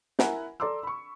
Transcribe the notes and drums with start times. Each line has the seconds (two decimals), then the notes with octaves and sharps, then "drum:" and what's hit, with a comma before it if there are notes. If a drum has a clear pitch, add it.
0.19 E4 A#4 F#5 G#5 A#5 B5, drum: snare
0.60 A4 D5 A#5 C6 D6 E6
0.83 B5 C#6